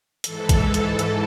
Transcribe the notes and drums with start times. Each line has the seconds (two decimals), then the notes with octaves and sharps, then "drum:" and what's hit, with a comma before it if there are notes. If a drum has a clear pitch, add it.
0.24 G#2 E3 A4, drum: hi-hat
0.49 drum: kick A#1, hi-hat
0.74 drum: hi-hat
0.99 drum: hi-hat